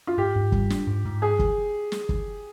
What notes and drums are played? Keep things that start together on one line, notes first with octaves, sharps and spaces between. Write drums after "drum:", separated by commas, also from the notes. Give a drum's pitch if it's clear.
F4
G#2 G4
G#2
G3, drum: kick
D4, drum: snare
G#2
G#2
G#4
drum: kick
drum: snare
drum: kick